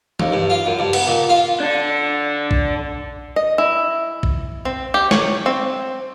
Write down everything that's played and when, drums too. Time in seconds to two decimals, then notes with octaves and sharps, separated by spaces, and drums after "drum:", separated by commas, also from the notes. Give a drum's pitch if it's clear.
0.20 D#2, drum: tom E3
0.32 G2
0.50 F4
0.66 F#2
0.79 G2
0.93 B3, drum: cymbal
1.07 A#2
1.29 F4
1.60 D4 A4
2.51 drum: kick
3.36 D#5
3.58 E4
4.23 drum: kick
4.65 C4
4.94 G4
5.11 C#5, drum: snare
5.46 C4